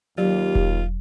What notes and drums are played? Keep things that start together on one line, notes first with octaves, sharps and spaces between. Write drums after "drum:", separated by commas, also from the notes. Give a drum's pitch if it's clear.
D#2 F#3 F4 G4
drum: kick E1